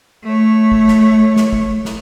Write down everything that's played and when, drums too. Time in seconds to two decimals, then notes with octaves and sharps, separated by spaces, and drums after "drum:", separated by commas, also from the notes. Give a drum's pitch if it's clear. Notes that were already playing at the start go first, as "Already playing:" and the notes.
0.23 A3 C#5
0.72 drum: kick
0.88 drum: snare
1.36 drum: snare
1.53 drum: kick
1.85 drum: snare